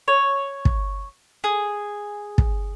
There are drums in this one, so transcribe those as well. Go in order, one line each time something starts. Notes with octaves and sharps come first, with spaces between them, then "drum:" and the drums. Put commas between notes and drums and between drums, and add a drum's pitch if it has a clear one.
C#5
drum: kick
G#4
drum: kick